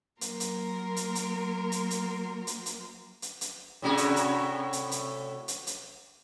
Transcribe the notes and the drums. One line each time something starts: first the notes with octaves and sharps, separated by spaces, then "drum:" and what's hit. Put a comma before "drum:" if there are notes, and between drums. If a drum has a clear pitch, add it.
F#3 A#3 A#4 C6, drum: hi-hat
drum: hi-hat
drum: hi-hat
drum: hi-hat
drum: hi-hat
drum: hi-hat
drum: hi-hat
drum: hi-hat
drum: hi-hat
drum: hi-hat
A2 C3 F#4
drum: hi-hat
drum: hi-hat
drum: hi-hat
drum: hi-hat
drum: hi-hat
drum: hi-hat